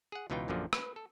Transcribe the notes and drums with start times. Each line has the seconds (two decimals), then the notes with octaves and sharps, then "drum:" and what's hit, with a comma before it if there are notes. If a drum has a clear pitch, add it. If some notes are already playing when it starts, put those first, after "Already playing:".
0.12 G#4 F#5
0.30 C#2 B2 E3 D#4 F4 G5
0.48 A#1 F#2 A#2 D3 F3
0.73 B4, drum: rim click
0.96 A4